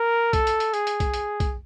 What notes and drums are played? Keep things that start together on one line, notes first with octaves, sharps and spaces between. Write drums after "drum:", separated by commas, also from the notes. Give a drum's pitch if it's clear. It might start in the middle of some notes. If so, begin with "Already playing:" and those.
Already playing: A#4
A4, drum: kick, hi-hat
drum: hi-hat
drum: hi-hat
G#4, drum: hi-hat
drum: hi-hat
drum: kick, hi-hat
drum: hi-hat
drum: kick, hi-hat